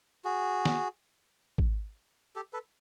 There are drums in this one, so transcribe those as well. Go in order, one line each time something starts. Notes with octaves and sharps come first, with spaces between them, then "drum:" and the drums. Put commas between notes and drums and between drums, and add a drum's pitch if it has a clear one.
F#4 G#4
drum: snare
drum: kick G#1
G4 A4
A4 B4